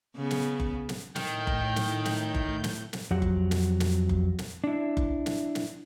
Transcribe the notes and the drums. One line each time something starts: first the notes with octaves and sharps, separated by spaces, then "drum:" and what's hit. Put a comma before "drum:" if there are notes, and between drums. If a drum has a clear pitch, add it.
C#3 B3
drum: snare
drum: kick F#1
drum: snare
A2 D#3 G5 G6, drum: snare
drum: kick F#1
drum: snare
drum: snare
drum: kick F#1
drum: snare
drum: snare
F2 F#3 G4 F#5
drum: kick F#1
drum: snare
drum: snare
drum: kick F#1
drum: snare
D4 E4
drum: kick F#1
drum: snare
drum: snare